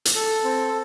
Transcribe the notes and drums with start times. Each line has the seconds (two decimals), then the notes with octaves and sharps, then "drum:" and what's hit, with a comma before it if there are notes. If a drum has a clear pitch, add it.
0.05 drum: hi-hat
0.15 A4
0.44 C4